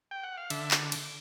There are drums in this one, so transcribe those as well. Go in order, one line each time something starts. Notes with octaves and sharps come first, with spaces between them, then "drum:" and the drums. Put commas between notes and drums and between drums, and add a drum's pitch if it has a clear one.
G5
F#5
F5
D3 E5, drum: cymbal
drum: clap
drum: cymbal